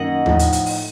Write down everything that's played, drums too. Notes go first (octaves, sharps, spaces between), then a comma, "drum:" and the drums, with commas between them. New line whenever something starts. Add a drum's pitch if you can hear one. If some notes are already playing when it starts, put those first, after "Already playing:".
Already playing: F#2 D#3 A#3 D#5 F#5
A2 F3 A3 D#4, drum: tom D#2
drum: hi-hat
drum: hi-hat
drum: open hi-hat